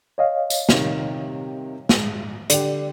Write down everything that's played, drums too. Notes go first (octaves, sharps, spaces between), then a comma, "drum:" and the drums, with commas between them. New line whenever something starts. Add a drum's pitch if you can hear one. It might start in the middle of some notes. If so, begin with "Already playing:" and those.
C#5 D#5 F5
drum: tambourine
C3 D#3, drum: snare
G#2, drum: snare
D3 G4 D5, drum: hi-hat